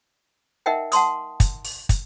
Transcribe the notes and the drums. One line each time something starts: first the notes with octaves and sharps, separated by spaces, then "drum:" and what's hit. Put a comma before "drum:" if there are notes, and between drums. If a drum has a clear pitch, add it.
D#4 A#4 D#5 E5 F#5 G5
F#5 A5 C6 D#6, drum: hi-hat
drum: kick, hi-hat
drum: open hi-hat
drum: kick, hi-hat